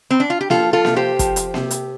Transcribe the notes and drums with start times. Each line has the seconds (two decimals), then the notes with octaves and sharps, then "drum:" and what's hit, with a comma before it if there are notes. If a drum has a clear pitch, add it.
0.11 C4
0.20 D4
0.30 F4
0.41 G4
0.50 F3 F4 A4, drum: snare A#3
0.73 F4 A4
0.85 C3, drum: snare A#3
0.96 G4 C5
1.19 F3, drum: kick, hi-hat
1.36 drum: hi-hat
1.54 C3, drum: snare A#3
1.71 drum: hi-hat